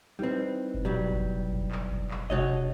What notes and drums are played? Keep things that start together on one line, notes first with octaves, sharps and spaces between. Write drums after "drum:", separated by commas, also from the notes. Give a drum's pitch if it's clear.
G3 C4 D#4 E4 B4
drum: kick F#1
B2 F#3 G3
drum: kick F#1
drum: kick F#1
drum: clap
drum: kick F#1
drum: clap
C3 G#3 D4 F#4 C#5 D#5, drum: kick F#1